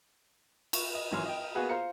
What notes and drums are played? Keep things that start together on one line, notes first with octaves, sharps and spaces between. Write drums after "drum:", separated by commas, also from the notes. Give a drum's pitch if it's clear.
C#6, drum: cymbal
D#5
G#1 E3 F#3 G#5 C6 F6
D#5 G5
A#3 B3 F4 F#4 G#4 B4
F4 C5 F5 A#5 C#7